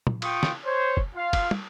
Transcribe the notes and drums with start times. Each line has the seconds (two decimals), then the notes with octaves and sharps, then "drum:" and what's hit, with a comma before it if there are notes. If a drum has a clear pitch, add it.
0.07 drum: tom
0.22 F4 G5 C#6 D#6, drum: cymbal
0.43 drum: snare
0.66 C5 C#5
0.97 drum: kick
1.15 F4 F5
1.33 drum: kick, cymbal
1.51 drum: tom